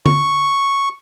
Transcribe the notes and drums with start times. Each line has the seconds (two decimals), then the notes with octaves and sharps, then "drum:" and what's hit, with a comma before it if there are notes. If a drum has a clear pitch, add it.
0.06 C#6, drum: tom